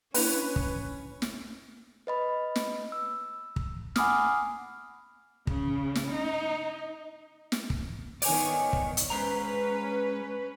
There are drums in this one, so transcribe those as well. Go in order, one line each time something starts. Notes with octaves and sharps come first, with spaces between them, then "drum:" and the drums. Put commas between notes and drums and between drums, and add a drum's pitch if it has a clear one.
A#3 C#4 D4 E4 B4, drum: open hi-hat
drum: kick
drum: snare
B4 D#5 B5
drum: snare
E6
drum: kick
F#5 G#5 B5 D6 D#6 F6, drum: snare
C#3, drum: kick
drum: snare
D#4
drum: snare
drum: kick
D#3 B3 C#5 D5 G#5, drum: open hi-hat
drum: kick
drum: hi-hat
G#3 C#4 B4 C5 A#5